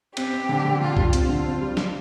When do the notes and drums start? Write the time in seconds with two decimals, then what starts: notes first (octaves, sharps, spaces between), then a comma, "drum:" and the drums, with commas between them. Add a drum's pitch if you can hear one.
0.17 C4 G4, drum: cymbal
0.33 C4
0.49 D3
0.65 D3
0.81 D3 F4
0.97 G3, drum: kick C2
1.13 C4 F4, drum: hi-hat
1.29 D3
1.46 C4
1.61 G3
1.77 G3, drum: snare